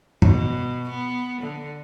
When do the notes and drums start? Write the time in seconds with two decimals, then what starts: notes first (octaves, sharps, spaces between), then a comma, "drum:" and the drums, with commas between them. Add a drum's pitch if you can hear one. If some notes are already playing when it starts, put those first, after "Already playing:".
0.22 B2, drum: tom
0.89 B3
1.41 D3